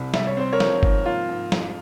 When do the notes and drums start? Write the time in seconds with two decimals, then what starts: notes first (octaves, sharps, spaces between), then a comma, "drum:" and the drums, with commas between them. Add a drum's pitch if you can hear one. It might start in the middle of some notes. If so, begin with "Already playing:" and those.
Already playing: C2 C3
0.14 G3 E5, drum: snare
0.27 C#5
0.37 C4 C5
0.53 A#4 C#5
0.60 F3, drum: snare
0.83 G#2, drum: kick
1.06 A#3 F4
1.29 G#2
1.52 F2, drum: snare